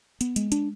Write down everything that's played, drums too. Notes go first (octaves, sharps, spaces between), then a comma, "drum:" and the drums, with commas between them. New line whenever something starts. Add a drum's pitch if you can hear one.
B3, drum: hi-hat
G#3, drum: hi-hat
D4, drum: hi-hat